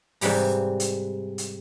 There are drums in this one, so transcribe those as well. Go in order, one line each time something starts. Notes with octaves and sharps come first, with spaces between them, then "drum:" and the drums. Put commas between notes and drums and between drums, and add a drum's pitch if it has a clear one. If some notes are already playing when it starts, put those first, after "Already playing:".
G#2 C3 E3 G3 A#5, drum: open hi-hat
drum: hi-hat
drum: hi-hat